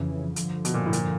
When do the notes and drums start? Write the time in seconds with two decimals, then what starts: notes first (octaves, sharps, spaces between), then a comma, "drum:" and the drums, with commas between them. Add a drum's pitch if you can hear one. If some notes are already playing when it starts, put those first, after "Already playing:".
Already playing: F2 C#3 E3
0.36 G2 D3 F3, drum: hi-hat
0.65 B2, drum: hi-hat
0.74 A#2
0.86 A2
0.93 A#2, drum: hi-hat